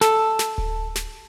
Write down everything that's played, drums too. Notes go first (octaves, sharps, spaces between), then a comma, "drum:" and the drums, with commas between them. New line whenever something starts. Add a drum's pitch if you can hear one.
A4, drum: snare
drum: snare
drum: kick D1
drum: snare